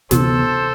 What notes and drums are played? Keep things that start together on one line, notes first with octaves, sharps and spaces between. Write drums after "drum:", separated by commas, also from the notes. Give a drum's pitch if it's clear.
D2 C3 E3 B3 A4 C5, drum: snare